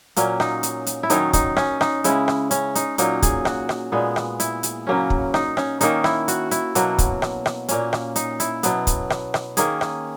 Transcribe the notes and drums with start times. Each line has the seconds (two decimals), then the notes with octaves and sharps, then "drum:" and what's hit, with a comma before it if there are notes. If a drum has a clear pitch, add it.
0.16 A#2 F#3 A#3 C#4, drum: hi-hat
0.40 D#4, drum: rim click
0.63 drum: hi-hat
0.86 drum: hi-hat
1.03 E4
1.10 D#3 F#3 C#4 D#4, drum: hi-hat
1.33 D#4, drum: kick, hi-hat
1.57 C#4, drum: rim click
1.81 D#4, drum: rim click
2.04 C#3 G#3 C#4 E4, drum: hi-hat
2.28 drum: rim click
2.51 C#4, drum: hi-hat
2.75 D#4, drum: hi-hat
2.98 A#2 F#3 A#3 D#4, drum: hi-hat
3.22 G#4, drum: kick, hi-hat
3.45 F#4, drum: rim click
3.69 drum: rim click
3.92 A#2 G#3 B3
4.16 drum: rim click
4.40 E4, drum: hi-hat
4.63 drum: hi-hat
4.87 C#3 F#3 A#3 C#4
5.10 drum: kick
5.34 D#4, drum: rim click
5.57 C#4, drum: rim click
5.81 D#3 A#3 C#4 D#4, drum: hi-hat
6.04 E4, drum: rim click
6.28 F#4, drum: hi-hat
6.51 E4, drum: hi-hat
6.75 B2 F#3 A#3 F#4, drum: hi-hat
6.98 drum: kick, hi-hat
7.22 drum: rim click
7.46 drum: rim click
7.68 A#2 A#3 C#4, drum: hi-hat
7.93 drum: rim click
8.16 D#4, drum: hi-hat
8.40 E4, drum: hi-hat
8.63 B2 F#3 B3, drum: hi-hat
8.87 drum: kick, hi-hat
9.10 drum: rim click
9.34 drum: rim click
9.57 D#3 A#3 C#4 G#4, drum: hi-hat
9.81 drum: rim click